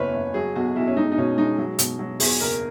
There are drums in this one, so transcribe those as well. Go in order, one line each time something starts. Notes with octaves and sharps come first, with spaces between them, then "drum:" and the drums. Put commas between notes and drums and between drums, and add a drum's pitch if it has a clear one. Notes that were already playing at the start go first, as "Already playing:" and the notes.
Already playing: F#1 E2 E3 B4 C#5
F#1
F#3 G#4
B1 F#4
B1 E4
C#4
G#3 D#4
D#4
B2 C#4
G#3 D#4
F#3
B2, drum: hi-hat
F#3
E2 G#4, drum: open hi-hat
F#1 A#4